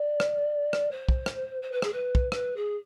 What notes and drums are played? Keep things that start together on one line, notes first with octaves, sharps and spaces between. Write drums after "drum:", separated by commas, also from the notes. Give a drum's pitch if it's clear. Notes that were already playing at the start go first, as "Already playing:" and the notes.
Already playing: D5
drum: rim click
drum: rim click
C5
drum: kick
drum: rim click
C5
B4
G#4, drum: rim click
B4
drum: kick
B4, drum: rim click
G#4